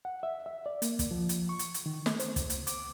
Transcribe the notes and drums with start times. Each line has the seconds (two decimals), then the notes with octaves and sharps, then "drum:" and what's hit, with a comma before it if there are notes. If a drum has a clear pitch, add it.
0.05 F#5
0.23 E5
0.46 E5
0.66 D5
0.82 A#3, drum: hi-hat
0.99 drum: kick, hi-hat
1.11 F3
1.29 drum: hi-hat
1.49 C#6
1.59 drum: hi-hat
1.74 drum: hi-hat
1.86 D#3
2.06 A3, drum: snare
2.20 C5, drum: hi-hat
2.36 C#2, drum: kick, hi-hat
2.50 drum: hi-hat
2.67 D6, drum: hi-hat